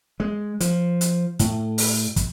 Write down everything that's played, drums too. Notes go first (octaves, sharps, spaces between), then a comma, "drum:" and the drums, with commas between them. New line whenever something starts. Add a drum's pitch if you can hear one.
G#3
F3, drum: hi-hat
drum: hi-hat
A2, drum: hi-hat
drum: open hi-hat
drum: kick, hi-hat